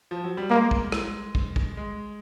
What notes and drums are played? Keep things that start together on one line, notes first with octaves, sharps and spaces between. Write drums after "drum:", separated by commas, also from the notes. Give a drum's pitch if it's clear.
F3
F#3
G3
G#3 A#3
drum: kick
drum: rim click
drum: kick
drum: kick
G#3